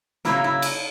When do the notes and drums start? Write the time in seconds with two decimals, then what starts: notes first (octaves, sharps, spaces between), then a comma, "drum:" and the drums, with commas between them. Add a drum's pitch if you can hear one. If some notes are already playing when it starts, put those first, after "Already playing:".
0.25 C#3 F#3 A#3 E4, drum: snare
0.44 E4
0.62 drum: cymbal